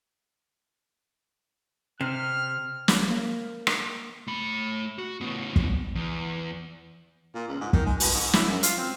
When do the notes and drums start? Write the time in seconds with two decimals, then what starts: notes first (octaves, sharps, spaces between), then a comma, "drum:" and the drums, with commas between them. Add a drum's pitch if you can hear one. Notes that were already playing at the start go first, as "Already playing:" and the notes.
2.01 C3 F6
2.88 drum: snare
3.08 A#3 F5
3.67 drum: rim click
4.27 A3 B5
4.98 F#4
5.21 A2 B3
5.56 drum: kick
5.95 E2
7.34 A#2
7.48 C#2
7.61 G#2
7.73 D#3, drum: kick
7.86 G#3
8.00 B2, drum: open hi-hat
8.14 G#2
8.33 E4, drum: snare
8.49 F#2
8.63 F4, drum: hi-hat
8.78 C4